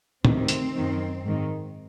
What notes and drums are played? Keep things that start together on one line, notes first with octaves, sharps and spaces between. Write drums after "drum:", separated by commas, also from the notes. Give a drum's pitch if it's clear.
D2 C3 D#3 C4, drum: tom
drum: hi-hat
F#2 D#3
G#2 D#3